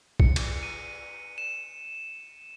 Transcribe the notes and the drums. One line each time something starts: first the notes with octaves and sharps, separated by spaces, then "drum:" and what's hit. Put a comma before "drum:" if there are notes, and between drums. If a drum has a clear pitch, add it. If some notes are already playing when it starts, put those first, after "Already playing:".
C#7, drum: kick
drum: cymbal
D#7
E7